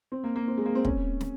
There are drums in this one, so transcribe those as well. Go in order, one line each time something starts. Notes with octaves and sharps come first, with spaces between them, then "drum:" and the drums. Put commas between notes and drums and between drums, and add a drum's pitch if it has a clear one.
C4
A#3
A#3
C4
G#3
A#3
C4
C#4, drum: kick
drum: snare